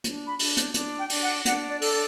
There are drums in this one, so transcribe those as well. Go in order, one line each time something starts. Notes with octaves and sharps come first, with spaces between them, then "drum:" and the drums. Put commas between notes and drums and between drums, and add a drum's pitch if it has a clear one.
D4, drum: hi-hat
B5
D4, drum: open hi-hat
drum: hi-hat
D4, drum: hi-hat
G5
D4, drum: open hi-hat
F#5
D4 F#5, drum: hi-hat
D5
A4, drum: open hi-hat